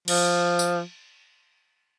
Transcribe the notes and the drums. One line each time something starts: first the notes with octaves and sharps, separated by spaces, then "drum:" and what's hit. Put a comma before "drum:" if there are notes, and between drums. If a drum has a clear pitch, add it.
F3, drum: cymbal
drum: tambourine